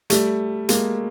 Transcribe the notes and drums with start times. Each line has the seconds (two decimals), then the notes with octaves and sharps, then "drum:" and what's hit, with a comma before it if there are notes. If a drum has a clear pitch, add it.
0.10 G3 A3, drum: hi-hat
0.69 G#3 A#3, drum: hi-hat